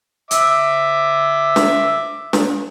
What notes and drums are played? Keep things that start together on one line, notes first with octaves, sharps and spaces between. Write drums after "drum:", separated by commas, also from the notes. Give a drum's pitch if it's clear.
E5 D6, drum: hi-hat
drum: snare
drum: snare